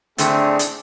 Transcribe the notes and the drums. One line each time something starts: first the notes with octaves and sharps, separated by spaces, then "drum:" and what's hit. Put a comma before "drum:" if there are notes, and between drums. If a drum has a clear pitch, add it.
A2 D3 A3 C4 D4 G#4, drum: hi-hat
drum: hi-hat